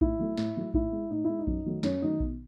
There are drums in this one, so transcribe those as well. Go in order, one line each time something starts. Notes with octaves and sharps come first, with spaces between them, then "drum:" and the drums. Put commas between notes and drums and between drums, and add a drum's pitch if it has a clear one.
A2 E4, drum: kick A#1
F#3 A3
A2, drum: snare
F#3 A3
A2 E4, drum: kick A#1
G#3
A2 D#4
G#3 E4
D#4
F#2, drum: kick A#1
D#3 F#3 A3
F#2 C#4, drum: snare
D#3 F#3 A3 D#4
B2, drum: kick A#1